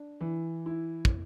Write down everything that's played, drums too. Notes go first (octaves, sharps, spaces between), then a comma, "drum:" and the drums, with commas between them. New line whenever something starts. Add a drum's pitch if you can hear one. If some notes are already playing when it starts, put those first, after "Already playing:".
Already playing: D4
E3
E4
drum: kick